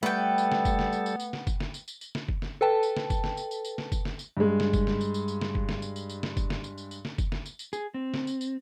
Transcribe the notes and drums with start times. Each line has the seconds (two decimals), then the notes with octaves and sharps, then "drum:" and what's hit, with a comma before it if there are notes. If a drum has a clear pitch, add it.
0.03 G3 A3 B3 A4 B4 G5
0.38 drum: tambourine
0.52 drum: snare
0.65 drum: kick F#1, tambourine
0.79 drum: snare
0.92 drum: tambourine
1.06 drum: tambourine
1.20 drum: tambourine
1.33 drum: snare
1.47 drum: kick F#1, tambourine
1.60 drum: snare
1.74 drum: tambourine
1.88 drum: tambourine
2.01 drum: tambourine
2.15 drum: snare
2.29 drum: kick F#1
2.42 drum: snare
2.61 A4 B4 G5 A5
2.83 drum: tambourine
2.97 drum: snare
3.10 drum: kick F#1, tambourine
3.24 drum: snare
3.37 drum: tambourine
3.51 drum: tambourine
3.65 drum: tambourine
3.78 drum: snare
3.92 drum: kick F#1, tambourine
4.05 drum: snare
4.19 drum: tambourine
4.37 G2 G#3
4.60 drum: snare
4.73 drum: kick F#1, tambourine
4.87 drum: snare
5.01 drum: tambourine
5.14 drum: tambourine
5.28 drum: tambourine
5.41 drum: snare
5.55 drum: kick F#1
5.69 drum: snare
5.82 drum: tambourine
5.96 drum: tambourine
6.10 drum: tambourine
6.23 drum: snare
6.37 drum: kick F#1, tambourine
6.50 drum: snare
6.64 drum: tambourine
6.78 drum: tambourine
6.91 drum: tambourine
7.05 drum: snare
7.18 drum: kick F#1, tambourine
7.32 drum: snare
7.46 drum: tambourine
7.59 drum: tambourine
7.73 G#4, drum: tambourine
7.94 C4
8.14 drum: snare
8.27 drum: tambourine
8.41 drum: tambourine